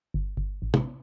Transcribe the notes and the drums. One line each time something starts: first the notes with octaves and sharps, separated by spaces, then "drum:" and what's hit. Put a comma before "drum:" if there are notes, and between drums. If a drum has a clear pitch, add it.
G1
G1
A1
drum: tom